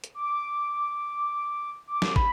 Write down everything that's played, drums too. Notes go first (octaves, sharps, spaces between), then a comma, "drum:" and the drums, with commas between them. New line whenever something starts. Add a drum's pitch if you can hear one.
drum: hi-hat
D6
D6
drum: snare
B5, drum: kick